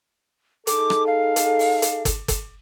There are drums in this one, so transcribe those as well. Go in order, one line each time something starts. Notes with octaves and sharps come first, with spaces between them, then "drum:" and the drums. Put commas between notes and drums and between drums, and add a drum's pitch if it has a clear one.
D#4 G#4 A4 D6, drum: hi-hat
drum: rim click
F5
drum: hi-hat
drum: open hi-hat
drum: hi-hat
drum: kick G1, hi-hat
drum: kick G1, hi-hat